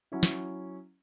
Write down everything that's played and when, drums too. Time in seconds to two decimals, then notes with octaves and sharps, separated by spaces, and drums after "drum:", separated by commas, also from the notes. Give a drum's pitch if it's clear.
0.12 F#3 C#4 E4
0.23 drum: snare